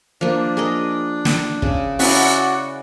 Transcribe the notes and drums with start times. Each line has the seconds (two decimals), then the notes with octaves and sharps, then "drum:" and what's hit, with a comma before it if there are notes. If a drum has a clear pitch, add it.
0.21 F3 A#3 D4
0.57 G#4 A#4 D#5
1.25 drum: snare
1.62 C#3, drum: kick
1.99 C#4 E4 F#4 D5 F5 F#5, drum: open hi-hat